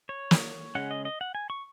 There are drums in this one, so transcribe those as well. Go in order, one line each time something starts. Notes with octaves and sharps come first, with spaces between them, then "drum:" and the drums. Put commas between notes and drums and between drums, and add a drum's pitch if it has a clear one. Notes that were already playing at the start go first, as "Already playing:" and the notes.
C#5
drum: snare
C#3 G#3 C#4 F#5
D#5
D#5
F#5
G#5
C#6